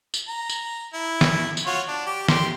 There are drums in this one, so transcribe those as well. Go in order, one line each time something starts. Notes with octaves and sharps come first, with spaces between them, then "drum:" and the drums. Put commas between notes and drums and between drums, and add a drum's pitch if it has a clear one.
drum: tambourine
A#5
drum: tambourine
E4
drum: snare
drum: tambourine
F4 F#4 C#5
D4
G4 D6
G4 C6, drum: snare